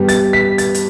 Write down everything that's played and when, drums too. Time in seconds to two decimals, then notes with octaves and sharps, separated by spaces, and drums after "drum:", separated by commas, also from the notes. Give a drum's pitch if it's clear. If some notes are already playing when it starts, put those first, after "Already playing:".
Already playing: G2 G3 B3
0.09 A6, drum: hi-hat
0.33 B6
0.58 A6, drum: hi-hat
0.74 drum: hi-hat